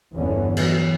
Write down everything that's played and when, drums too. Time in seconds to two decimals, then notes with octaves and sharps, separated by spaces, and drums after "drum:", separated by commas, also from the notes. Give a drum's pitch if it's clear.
0.14 G1 E2 D3 E3 B3 C#4
0.57 E3 F#3, drum: cymbal